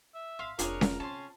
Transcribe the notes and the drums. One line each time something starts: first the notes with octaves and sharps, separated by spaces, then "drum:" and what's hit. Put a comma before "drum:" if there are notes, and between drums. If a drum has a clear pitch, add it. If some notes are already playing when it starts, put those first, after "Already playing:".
E5
G#1 F5 C6 B6
F1 D4 F4 G#4 A#4 C#5, drum: hi-hat
drum: snare C#4
C3 C#4 A5 C6